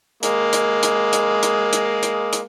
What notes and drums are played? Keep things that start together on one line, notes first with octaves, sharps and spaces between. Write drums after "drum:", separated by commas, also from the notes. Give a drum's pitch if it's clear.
G#3 A#3, drum: hi-hat
drum: hi-hat
drum: hi-hat
drum: hi-hat
drum: hi-hat
drum: hi-hat
drum: hi-hat
drum: hi-hat